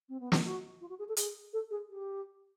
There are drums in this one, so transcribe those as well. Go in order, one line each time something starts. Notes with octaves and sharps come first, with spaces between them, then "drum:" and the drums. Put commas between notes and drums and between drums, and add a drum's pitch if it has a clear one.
C4
B3
C4, drum: snare
F#4
F4
F#4
G#4
A4
G#4, drum: hi-hat
A4
G#4
G4